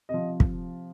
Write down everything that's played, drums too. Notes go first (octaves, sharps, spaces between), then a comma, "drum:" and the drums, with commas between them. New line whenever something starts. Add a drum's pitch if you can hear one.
C3 F3 D#5
drum: kick